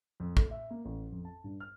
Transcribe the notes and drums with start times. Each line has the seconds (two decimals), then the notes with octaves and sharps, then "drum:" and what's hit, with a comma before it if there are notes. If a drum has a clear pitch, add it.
0.20 F2
0.37 A3, drum: kick
0.51 E5
0.71 A#3
0.85 A1
1.12 F2
1.25 A5
1.44 G2
1.60 F6